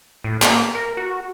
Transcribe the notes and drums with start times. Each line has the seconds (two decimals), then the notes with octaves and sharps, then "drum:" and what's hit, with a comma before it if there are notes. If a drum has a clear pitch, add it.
0.24 A2
0.42 A#3, drum: clap
0.75 A#4
0.97 F#4